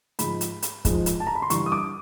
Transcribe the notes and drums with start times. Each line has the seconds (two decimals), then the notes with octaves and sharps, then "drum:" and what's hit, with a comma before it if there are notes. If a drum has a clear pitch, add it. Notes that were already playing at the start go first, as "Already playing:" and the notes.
0.19 G#2 F3 G#3 B5, drum: hi-hat
0.41 drum: hi-hat
0.62 drum: hi-hat
0.85 G#2 F3 G#3, drum: kick, hi-hat
1.06 drum: hi-hat
1.20 A5
1.27 A#5
1.35 B5
1.42 C6
1.50 G2 E3 G3 C#6, drum: hi-hat
1.66 D#6
1.72 D6